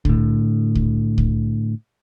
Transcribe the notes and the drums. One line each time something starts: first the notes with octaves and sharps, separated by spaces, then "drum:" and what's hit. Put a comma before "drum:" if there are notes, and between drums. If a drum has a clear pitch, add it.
A2 D3, drum: kick C2
drum: kick C2
drum: kick C2